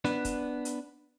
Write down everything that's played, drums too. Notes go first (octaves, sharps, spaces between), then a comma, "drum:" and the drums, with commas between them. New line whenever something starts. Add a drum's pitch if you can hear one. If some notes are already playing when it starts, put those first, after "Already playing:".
B3 D4 B4, drum: snare
drum: kick, hi-hat
drum: hi-hat